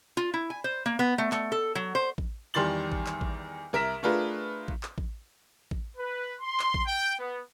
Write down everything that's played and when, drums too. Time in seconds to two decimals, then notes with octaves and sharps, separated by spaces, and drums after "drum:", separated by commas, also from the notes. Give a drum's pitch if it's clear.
0.17 F4
0.34 E4
0.50 G#5
0.64 C5
0.86 A#3
0.99 B3
1.18 A3
1.32 A3, drum: clap
1.52 A4
1.75 F#3
1.95 C5
2.18 drum: kick A1
2.54 E2 D#3 G3 C6 A6 F#7
2.92 drum: kick A1
3.06 drum: clap
3.21 drum: kick A1
3.73 C2 A#4 E5 B6 E7
4.03 A3 D4 F4 G#4 A#4 B4
4.68 drum: kick A1
4.83 drum: clap
4.98 drum: kick A1
5.71 drum: kick A1
5.97 B4
6.41 C6
6.60 drum: clap
6.74 drum: kick A1
6.85 G5
7.19 B3